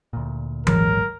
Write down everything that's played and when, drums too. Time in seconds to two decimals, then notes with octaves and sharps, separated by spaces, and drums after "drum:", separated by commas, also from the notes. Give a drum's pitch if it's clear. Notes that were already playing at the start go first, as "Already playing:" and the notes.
0.13 D2 A#2
0.67 G#1 G#2 F#3 A#4, drum: tom E3